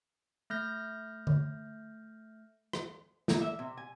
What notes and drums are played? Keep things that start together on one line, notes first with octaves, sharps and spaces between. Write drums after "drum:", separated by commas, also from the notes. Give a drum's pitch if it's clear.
A3 F6 G6 A#6
drum: tom D3
drum: rim click
A#3, drum: snare
E5
C3
G#5